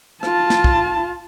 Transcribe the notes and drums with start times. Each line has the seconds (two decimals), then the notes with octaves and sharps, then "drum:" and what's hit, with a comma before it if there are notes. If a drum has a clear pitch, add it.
0.23 F4 A5, drum: rim click
0.50 drum: snare
0.64 drum: kick